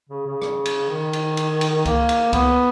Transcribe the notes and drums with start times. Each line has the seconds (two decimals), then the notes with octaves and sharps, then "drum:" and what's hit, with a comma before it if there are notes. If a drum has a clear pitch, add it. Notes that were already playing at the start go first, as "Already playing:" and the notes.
0.09 C#3
0.26 C#3
0.42 drum: rim click
0.65 drum: cymbal
0.89 D#3
1.13 drum: cymbal
1.37 drum: cymbal
1.61 drum: cymbal
1.85 A#3, drum: kick C#2, cymbal
2.09 drum: cymbal
2.33 B3, drum: kick C#2, cymbal